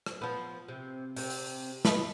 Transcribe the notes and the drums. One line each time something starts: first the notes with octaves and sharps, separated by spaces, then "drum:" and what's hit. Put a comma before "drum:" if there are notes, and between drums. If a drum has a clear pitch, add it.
drum: rim click
F3 B3
C3
C3 C4, drum: open hi-hat
drum: open hi-hat
B4 D#5, drum: snare